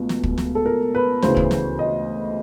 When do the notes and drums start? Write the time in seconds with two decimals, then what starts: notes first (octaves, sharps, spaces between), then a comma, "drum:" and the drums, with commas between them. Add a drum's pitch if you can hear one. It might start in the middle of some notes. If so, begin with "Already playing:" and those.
Already playing: C#2 B2 A3
0.09 drum: snare
0.23 drum: kick
0.38 drum: snare
0.55 A4
0.66 A#4
0.95 B4
1.22 D2 C#3 E3 C5, drum: snare
1.37 drum: kick
1.51 drum: snare
1.79 D#5